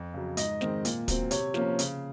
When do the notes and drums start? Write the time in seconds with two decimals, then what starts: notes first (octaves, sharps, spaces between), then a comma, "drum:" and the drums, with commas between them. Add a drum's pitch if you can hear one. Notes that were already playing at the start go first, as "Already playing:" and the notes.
Already playing: F2
0.14 C#3 F#3
0.37 G#2 D#5, drum: hi-hat
0.61 D#3 G#3 C4, drum: snare
0.85 A#2, drum: hi-hat
1.08 F#3 C4, drum: kick, hi-hat
1.31 C3 C#5, drum: hi-hat
1.54 F3 A#3 C#4, drum: snare
1.79 C#3, drum: hi-hat